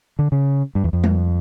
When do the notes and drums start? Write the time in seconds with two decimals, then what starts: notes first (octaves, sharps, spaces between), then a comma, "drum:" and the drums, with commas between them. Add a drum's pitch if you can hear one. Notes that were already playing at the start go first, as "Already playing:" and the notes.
0.19 D3
0.32 C#3
0.75 G2
0.84 E2
0.93 F2
1.04 drum: tom G3